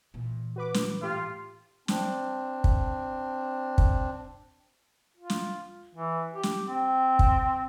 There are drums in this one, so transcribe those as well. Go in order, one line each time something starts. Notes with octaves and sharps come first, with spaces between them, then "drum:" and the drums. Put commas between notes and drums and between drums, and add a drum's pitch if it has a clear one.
A#2 E3
F#4 B4 D6
drum: snare
A2 F4 G4 F6
C4 D4, drum: snare
drum: kick
drum: kick
F4
drum: snare
E3
G4
drum: snare
C4
drum: kick